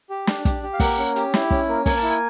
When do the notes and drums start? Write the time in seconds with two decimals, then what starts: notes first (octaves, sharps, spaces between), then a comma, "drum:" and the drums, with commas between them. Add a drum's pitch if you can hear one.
0.10 G4
0.27 D4, drum: snare
0.45 G4, drum: kick, hi-hat
0.63 G4
0.73 F5
0.80 A#3 F#5, drum: kick, open hi-hat
0.98 C#4
1.16 G4, drum: hi-hat
1.34 E4, drum: snare
1.51 C#4, drum: kick
1.69 A#3
1.86 A#3 G#5, drum: kick, open hi-hat
1.97 A5
2.03 E4
2.10 G#5